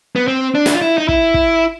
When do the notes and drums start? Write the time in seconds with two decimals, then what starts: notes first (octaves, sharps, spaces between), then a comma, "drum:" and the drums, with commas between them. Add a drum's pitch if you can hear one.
0.16 B3
0.28 C4
0.55 D4
0.66 F#4, drum: snare
0.74 F4
0.82 E4
0.98 D#4
1.08 E4, drum: kick
1.34 drum: kick